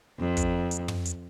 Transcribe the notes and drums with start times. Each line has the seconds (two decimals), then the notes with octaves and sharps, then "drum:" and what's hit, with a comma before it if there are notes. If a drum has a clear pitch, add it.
0.20 F2
0.37 drum: kick, hi-hat
0.71 drum: hi-hat
0.88 drum: tom
1.05 drum: hi-hat